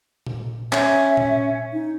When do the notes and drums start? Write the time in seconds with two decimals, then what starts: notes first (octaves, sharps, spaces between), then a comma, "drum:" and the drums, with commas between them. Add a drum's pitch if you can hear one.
0.26 drum: tom A#2
0.72 C#4 E5, drum: clap
1.17 drum: tom A#2
1.73 D#4